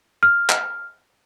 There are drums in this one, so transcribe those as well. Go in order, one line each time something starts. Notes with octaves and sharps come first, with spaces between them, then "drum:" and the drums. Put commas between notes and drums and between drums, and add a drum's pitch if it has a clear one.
F6
drum: clap